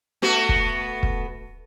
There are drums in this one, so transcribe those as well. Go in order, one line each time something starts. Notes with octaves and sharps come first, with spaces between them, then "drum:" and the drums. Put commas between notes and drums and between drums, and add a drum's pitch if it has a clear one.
A3 B3 F#4
drum: kick
drum: kick